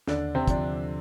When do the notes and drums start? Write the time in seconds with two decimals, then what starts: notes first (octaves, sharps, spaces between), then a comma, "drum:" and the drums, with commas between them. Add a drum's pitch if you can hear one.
0.08 D#2 D3 D4, drum: snare
0.35 C3 C4
0.48 D3 F3 D4, drum: kick, hi-hat